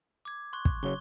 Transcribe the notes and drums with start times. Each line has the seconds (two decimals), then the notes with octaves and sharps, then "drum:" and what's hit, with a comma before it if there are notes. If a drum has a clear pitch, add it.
0.25 D6 G#6
0.53 C6 C#6 F#6
0.65 drum: kick
0.83 C#3 F#3 C#5 C#6 G7